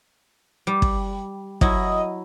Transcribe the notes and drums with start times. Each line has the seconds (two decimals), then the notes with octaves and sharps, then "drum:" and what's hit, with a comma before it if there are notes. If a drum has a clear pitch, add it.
0.67 G3
0.82 drum: kick
1.61 F#3 E4 D#5, drum: kick